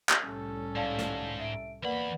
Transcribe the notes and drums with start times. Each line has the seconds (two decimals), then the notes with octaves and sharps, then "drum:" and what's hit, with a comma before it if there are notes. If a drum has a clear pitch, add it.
0.09 drum: clap
0.21 C2 A2 G3 C#4 A4
0.76 G#2 D5 F5 A5
0.99 drum: snare
1.40 E5 D7
1.83 E2 A#3 B4 D5 F#5 B5